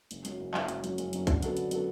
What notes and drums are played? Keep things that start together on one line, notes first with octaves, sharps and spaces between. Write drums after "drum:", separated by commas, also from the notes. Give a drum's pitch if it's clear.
F#1, drum: hi-hat
F#2 F#3, drum: hi-hat
F#1
F#2 F#3, drum: clap
F#1, drum: hi-hat
F#2 F#3, drum: hi-hat
F#1, drum: hi-hat
F#2 F#3, drum: hi-hat
D3, drum: kick, hi-hat
F#3 B3 F#4 A4, drum: hi-hat
D3, drum: hi-hat
F#3 B3 F#4 A4, drum: hi-hat